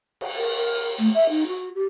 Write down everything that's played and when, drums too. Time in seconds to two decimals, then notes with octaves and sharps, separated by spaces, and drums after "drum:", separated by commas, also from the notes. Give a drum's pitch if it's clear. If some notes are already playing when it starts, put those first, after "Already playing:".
0.21 drum: cymbal
0.36 A#4
0.56 A#4
0.98 A3, drum: hi-hat
1.14 E5
1.29 D#4
1.47 F#4
1.75 G4